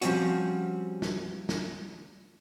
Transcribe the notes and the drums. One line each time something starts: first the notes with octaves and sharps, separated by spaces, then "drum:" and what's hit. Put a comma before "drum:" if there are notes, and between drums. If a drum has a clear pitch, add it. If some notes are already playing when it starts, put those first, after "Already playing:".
F3 G3 C4 C#4 F#4, drum: hi-hat
drum: snare
drum: snare